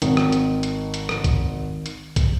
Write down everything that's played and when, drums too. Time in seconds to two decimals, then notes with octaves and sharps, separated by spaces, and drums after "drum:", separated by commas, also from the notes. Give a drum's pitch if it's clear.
0.02 G#1 D#3, drum: hi-hat
0.17 drum: rim click
0.32 drum: hi-hat
0.63 drum: hi-hat
0.94 drum: hi-hat
1.09 drum: rim click
1.24 drum: kick, hi-hat
1.86 drum: hi-hat
2.16 drum: kick, hi-hat